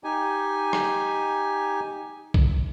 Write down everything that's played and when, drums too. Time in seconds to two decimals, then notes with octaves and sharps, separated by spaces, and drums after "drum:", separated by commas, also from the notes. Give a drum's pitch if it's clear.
0.04 D#4 G4 G#5
0.73 drum: rim click
2.34 drum: kick B1